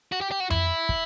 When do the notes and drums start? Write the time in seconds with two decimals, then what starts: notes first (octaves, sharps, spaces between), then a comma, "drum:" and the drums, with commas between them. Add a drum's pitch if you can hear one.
0.12 F#4
0.21 G4
0.31 G4
0.40 F#4
0.50 E4, drum: tom F2
0.89 drum: kick